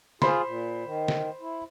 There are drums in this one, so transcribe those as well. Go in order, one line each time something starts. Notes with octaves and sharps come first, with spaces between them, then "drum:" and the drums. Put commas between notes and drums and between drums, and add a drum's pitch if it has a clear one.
F4 G#4 C5 B5 C6, drum: snare
A#2
D#3
drum: snare
E4